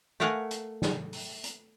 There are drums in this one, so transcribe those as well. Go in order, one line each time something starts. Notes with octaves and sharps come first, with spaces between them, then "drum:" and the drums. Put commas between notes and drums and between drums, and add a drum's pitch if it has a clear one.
A3 A#4 F5 F#5 G#5
drum: hi-hat
drum: snare
drum: open hi-hat
drum: hi-hat